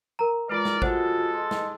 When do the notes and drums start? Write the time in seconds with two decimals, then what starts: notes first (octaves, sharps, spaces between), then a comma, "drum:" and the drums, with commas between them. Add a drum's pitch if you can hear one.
0.19 A#4 A#5
0.49 G#3 F4 A#4 B4 D5
0.65 drum: snare
0.82 G#3 F4 F#4 A4 C5 F#5, drum: kick
1.34 D#5 C6
1.51 drum: snare